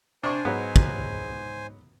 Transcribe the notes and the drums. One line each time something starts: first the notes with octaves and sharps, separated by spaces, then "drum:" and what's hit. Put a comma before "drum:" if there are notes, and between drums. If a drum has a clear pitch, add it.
C3 D4 C5 G#5 C#6
G#2 F#3 B3
drum: kick